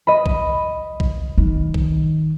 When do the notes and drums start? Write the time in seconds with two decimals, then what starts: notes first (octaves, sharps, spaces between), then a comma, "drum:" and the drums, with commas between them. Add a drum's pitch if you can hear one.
0.07 D#5 B5
0.26 drum: kick A#1
1.00 drum: kick A#1
1.38 D#3
1.74 drum: kick A#1